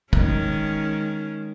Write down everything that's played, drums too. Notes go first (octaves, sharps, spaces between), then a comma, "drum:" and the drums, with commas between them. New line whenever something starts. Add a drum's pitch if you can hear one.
D#3 G#3 C#4, drum: kick